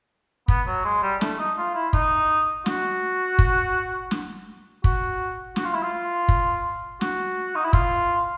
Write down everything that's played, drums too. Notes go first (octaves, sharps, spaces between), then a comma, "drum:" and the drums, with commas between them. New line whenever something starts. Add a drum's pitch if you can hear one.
B3, drum: kick
F#3
G#3
G3
A3, drum: snare
D#4
F4
E4
D#4, drum: kick
F#4, drum: snare
drum: kick
drum: snare
F#4, drum: kick
F#4, drum: snare
F4
E4
F4
drum: kick
F#4, drum: snare
D#4
E4
F4, drum: kick